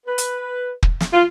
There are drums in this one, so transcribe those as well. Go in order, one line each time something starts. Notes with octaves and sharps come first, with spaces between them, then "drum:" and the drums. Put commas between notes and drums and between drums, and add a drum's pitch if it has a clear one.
B4
drum: hi-hat
drum: kick
drum: snare
F4